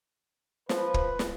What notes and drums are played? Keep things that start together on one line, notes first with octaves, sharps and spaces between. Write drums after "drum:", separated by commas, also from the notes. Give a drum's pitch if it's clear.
F3 B4, drum: snare
drum: kick
drum: snare